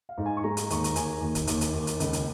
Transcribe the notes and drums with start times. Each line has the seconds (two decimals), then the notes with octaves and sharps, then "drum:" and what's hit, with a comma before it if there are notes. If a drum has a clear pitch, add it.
0.09 F5
0.18 G#2
0.26 G#5
0.37 C#6
0.44 G#3 A#5
0.57 drum: hi-hat
0.70 D#2 C#6, drum: hi-hat
0.84 A#5, drum: hi-hat
0.96 D#2 G#5, drum: hi-hat
1.21 D#2
1.35 drum: kick, hi-hat
1.47 D#2, drum: hi-hat
1.61 drum: hi-hat
1.74 D#2
1.87 drum: hi-hat
2.00 C#2, drum: hi-hat
2.13 drum: hi-hat